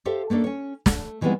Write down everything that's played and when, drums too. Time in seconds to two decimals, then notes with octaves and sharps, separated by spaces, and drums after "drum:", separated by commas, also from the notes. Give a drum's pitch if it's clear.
0.05 G4 A4 C5 E5 F5
0.30 A3 A#3 C#4 D4 A4
0.44 C#4 C#5
0.86 A3, drum: snare
1.21 D#3 E3 G3 G#3 B3 C4